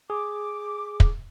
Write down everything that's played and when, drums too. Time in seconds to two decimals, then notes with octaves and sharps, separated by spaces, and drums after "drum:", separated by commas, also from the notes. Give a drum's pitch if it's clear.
0.10 G#4 D6
1.00 drum: kick